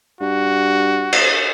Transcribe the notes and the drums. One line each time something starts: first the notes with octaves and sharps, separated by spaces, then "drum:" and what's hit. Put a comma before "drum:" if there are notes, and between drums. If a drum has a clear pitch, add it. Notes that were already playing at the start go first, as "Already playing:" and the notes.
G2 F#4
drum: cymbal